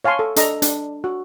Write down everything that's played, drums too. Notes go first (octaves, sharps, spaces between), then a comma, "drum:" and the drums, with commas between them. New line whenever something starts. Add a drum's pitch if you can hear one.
C#5 F5 G#5 A5 C6 C#6
A4
D4 A4 D#5 A#5, drum: hi-hat
D4 D5, drum: hi-hat
F#4